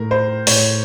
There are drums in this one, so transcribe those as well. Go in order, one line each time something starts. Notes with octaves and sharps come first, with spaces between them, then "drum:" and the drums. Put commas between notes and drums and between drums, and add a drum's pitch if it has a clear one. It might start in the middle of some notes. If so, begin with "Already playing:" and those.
Already playing: A2 A#4
C5
A2 C#5, drum: open hi-hat